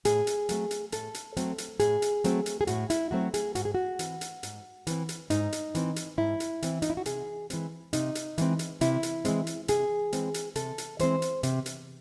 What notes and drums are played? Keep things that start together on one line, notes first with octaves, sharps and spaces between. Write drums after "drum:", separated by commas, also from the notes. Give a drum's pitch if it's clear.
A2 G#4, drum: hi-hat
drum: hi-hat
F#3 A3 C4, drum: hi-hat
drum: hi-hat
A2 A4, drum: hi-hat
drum: hi-hat
F#3 A3 C4, drum: hi-hat
drum: hi-hat
A2 G#4, drum: hi-hat
drum: hi-hat
F#3 A3 C4, drum: hi-hat
drum: hi-hat
G#4
A2 F#4, drum: hi-hat
E4, drum: hi-hat
F#3 A3 C4 F#4
G#4, drum: hi-hat
G#2 F#4, drum: hi-hat
G#4
F#4
E3 C4, drum: hi-hat
drum: hi-hat
G#2, drum: hi-hat
E3 C4, drum: hi-hat
drum: hi-hat
G#2 D#4, drum: hi-hat
drum: hi-hat
E3 C4, drum: hi-hat
drum: hi-hat
G#2 E4
drum: hi-hat
E3 C4, drum: hi-hat
D#4, drum: hi-hat
E4
F#4
C3 G#4, drum: hi-hat
E3 G#3 C4, drum: hi-hat
C3 D#4, drum: hi-hat
drum: hi-hat
E3 G#3 C4, drum: hi-hat
drum: hi-hat
C3 E4, drum: hi-hat
drum: hi-hat
E3 G#3 C4, drum: hi-hat
drum: hi-hat
C3 G#4, drum: hi-hat
E3 G#3 C4, drum: hi-hat
drum: hi-hat
C3 A4, drum: hi-hat
drum: hi-hat
E3 G#3 C4 C5, drum: hi-hat
drum: hi-hat
C3, drum: hi-hat
drum: hi-hat